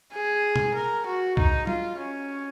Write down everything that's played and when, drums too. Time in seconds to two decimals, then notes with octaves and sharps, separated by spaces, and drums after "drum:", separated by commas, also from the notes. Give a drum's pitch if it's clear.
0.13 G#4
0.56 drum: tom
0.74 A#4
1.06 F#4
1.37 D#4, drum: kick
1.67 F4, drum: tom
1.98 C#4